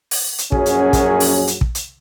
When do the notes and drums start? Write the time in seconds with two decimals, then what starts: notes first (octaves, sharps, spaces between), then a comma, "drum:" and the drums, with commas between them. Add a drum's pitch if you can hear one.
0.11 drum: open hi-hat
0.38 drum: hi-hat
0.52 A#1 F#2 F#3 C#4 G#4, drum: kick
0.66 drum: hi-hat
0.93 drum: kick, hi-hat
1.20 drum: open hi-hat
1.47 drum: hi-hat
1.61 drum: kick
1.75 drum: hi-hat